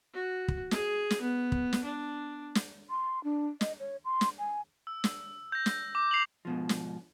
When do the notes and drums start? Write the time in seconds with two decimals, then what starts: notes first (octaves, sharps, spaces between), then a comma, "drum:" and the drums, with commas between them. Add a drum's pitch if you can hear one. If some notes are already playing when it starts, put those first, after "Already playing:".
0.14 F#4
0.48 drum: kick
0.71 G#4, drum: snare
1.10 drum: snare
1.21 B3
1.52 drum: kick
1.73 drum: snare
1.84 D4
2.55 drum: snare
2.90 C6
3.24 D4
3.61 D#5, drum: snare
3.80 C#5
4.05 C6
4.21 drum: snare
4.39 G#5
4.87 E6
5.04 drum: snare
5.52 G6 A#6
5.66 drum: snare
5.95 D6
6.11 C7 F7 F#7
6.45 G#2 B2 F3
6.69 drum: snare